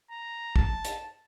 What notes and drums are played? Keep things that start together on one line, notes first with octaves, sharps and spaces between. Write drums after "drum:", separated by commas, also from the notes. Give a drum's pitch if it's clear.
A#5
A5, drum: kick
drum: hi-hat